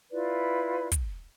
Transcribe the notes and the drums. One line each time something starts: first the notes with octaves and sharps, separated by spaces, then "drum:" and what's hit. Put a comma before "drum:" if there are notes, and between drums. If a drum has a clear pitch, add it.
E4 F4 B4 D5
drum: kick, hi-hat